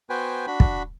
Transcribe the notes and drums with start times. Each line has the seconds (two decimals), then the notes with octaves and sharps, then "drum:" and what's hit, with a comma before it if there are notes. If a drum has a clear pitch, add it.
0.10 B3 F#4 B4 C5 G5 G#5
0.47 D4 F#4 B5
0.60 drum: kick